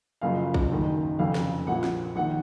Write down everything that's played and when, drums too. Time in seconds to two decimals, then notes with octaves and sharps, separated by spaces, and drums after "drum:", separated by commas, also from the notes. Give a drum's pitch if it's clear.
0.21 F#1 F#2 C#3 F3 F5
0.54 drum: kick A#1
0.71 F#1 F#2 D#3
1.19 F1 F2 C#3 F5
1.35 drum: snare
1.67 A#1 A#2 F3 F#5
1.84 drum: snare
2.15 A#1 D#3 F#5